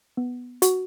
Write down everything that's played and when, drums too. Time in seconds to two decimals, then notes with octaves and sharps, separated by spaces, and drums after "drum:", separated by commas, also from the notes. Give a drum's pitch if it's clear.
0.17 B3
0.62 F#4, drum: hi-hat